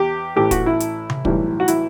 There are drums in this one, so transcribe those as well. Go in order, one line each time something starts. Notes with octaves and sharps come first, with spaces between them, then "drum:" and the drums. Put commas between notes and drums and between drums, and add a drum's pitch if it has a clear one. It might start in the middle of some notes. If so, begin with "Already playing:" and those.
Already playing: E2 G4
A1 A2 E3 A3 G4
F#4, drum: kick, hi-hat
E4
drum: hi-hat
drum: tom C3
B1 A2 E3 G3, drum: kick
F#4
E4, drum: hi-hat